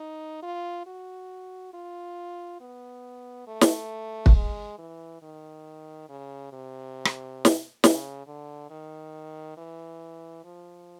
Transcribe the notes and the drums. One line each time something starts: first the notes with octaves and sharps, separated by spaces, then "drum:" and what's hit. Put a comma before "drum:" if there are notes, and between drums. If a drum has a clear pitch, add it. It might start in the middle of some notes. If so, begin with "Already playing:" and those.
Already playing: D#4
F4
F#4
F4
B3
A3
drum: snare
drum: kick
G#3
E3
D#3
C#3
C3
drum: rim click
drum: snare
C#3, drum: snare
D3
D#3
E3
F3